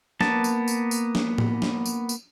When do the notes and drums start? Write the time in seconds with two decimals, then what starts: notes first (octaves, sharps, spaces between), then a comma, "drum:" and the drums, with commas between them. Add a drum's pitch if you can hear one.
0.21 A#3 B3 A5, drum: snare
0.44 drum: tambourine
0.68 drum: tambourine
0.91 drum: tambourine
1.15 drum: snare
1.38 drum: tom A2
1.62 drum: snare
1.86 drum: tambourine
2.09 drum: tambourine